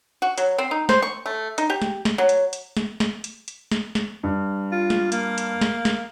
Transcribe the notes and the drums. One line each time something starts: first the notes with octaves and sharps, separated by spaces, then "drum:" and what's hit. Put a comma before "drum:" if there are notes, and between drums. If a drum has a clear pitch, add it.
F#4
F#3, drum: hi-hat
C4
D#4
C5, drum: snare
C#6
A3
D#4, drum: hi-hat
G4
drum: snare
drum: snare
F#3
drum: hi-hat
drum: hi-hat
drum: snare
drum: snare
drum: hi-hat
drum: hi-hat
drum: snare
drum: snare
G2
F4
drum: snare
A#3, drum: hi-hat
drum: hi-hat
drum: snare
drum: snare